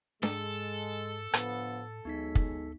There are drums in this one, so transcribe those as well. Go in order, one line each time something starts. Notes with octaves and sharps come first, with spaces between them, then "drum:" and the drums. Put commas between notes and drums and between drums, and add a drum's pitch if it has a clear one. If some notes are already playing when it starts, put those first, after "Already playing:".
G#2 G#3 A4, drum: snare D4
A2 D3 F3 B3 A6, drum: rim click
D2 F#3 G#3 B3 D#4 B6
drum: kick